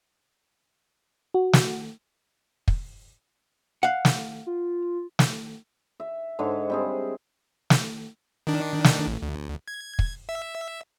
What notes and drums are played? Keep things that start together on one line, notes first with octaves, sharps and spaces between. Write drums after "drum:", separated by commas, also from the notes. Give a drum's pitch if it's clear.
F#4
drum: snare
drum: kick
F5 F#5
drum: snare
F4
drum: snare
E5
G#2 D3 C#5
G3 C4 G#4
drum: snare
D#3 D4
drum: snare
A1
D2
G#6
drum: kick
E5